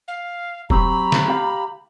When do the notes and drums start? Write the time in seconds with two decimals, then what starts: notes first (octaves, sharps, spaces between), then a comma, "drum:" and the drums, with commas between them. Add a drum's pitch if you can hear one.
0.07 F5
0.70 F#3 C4 G4 A#5 B5, drum: kick
1.12 drum: snare
1.28 G4 F5